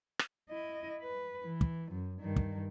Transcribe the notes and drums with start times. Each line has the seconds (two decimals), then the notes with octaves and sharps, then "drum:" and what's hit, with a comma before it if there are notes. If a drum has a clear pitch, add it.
0.19 drum: rim click
0.49 E4 D#5
1.01 B4
1.44 E3
1.61 drum: kick
1.92 F#2
2.21 G2 D#3
2.36 drum: kick